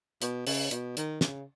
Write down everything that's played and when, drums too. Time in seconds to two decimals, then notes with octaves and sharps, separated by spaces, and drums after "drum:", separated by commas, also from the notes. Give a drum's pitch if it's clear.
0.22 B2, drum: hi-hat
0.47 C#3, drum: open hi-hat
0.71 B2, drum: hi-hat
0.97 D#3, drum: hi-hat
1.21 C#3, drum: snare